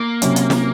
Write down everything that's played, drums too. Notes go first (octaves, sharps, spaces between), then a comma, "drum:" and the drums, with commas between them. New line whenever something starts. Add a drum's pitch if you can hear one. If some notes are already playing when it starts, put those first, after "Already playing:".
Already playing: A#3
C3 F#3 C#4, drum: hi-hat
drum: hi-hat
drum: snare